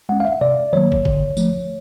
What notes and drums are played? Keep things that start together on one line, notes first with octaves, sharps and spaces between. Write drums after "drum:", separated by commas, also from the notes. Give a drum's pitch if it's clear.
G#3 C#4 F#5
F5
E5
C3 D5
D#3 F#3 A#3 C#5
drum: kick
D3, drum: kick
F3 A3, drum: tambourine